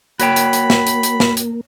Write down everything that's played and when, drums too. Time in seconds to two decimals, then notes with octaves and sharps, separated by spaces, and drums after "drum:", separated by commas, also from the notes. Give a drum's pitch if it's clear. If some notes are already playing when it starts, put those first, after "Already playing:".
0.20 A#3 F#4 C#5 G5 B5, drum: hi-hat
0.36 drum: hi-hat
0.53 drum: hi-hat
0.70 drum: snare
0.87 drum: hi-hat
1.03 drum: hi-hat
1.20 drum: snare
1.37 drum: hi-hat